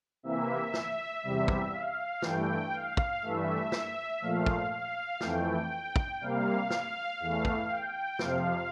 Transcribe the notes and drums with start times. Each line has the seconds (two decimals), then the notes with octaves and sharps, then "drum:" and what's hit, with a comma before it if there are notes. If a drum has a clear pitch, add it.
0.23 C3 E3 A#3 E5
0.74 drum: snare
1.23 E2 C3 G3
1.48 drum: kick
1.72 F5
2.22 G2 E3 A3 G5, drum: snare
2.73 F5
2.97 drum: kick
3.22 G2 E3 A3 E5
3.72 drum: snare
4.21 A#2 F3 A3 F5
4.46 drum: kick
4.72 F5
5.20 F2 E3 A3 G5, drum: snare
5.96 drum: kick
6.20 C3 G3 A#3 F5
6.70 drum: snare
7.20 E2 E3 A3
7.45 drum: kick
7.69 G5
8.19 F2 C3 F3 F5, drum: snare